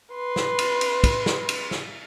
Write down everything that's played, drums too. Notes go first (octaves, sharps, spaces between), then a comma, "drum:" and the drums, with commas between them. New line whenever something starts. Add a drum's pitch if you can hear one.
B4 C6
drum: snare
drum: cymbal
drum: cymbal
drum: kick, cymbal
drum: snare
drum: cymbal
drum: snare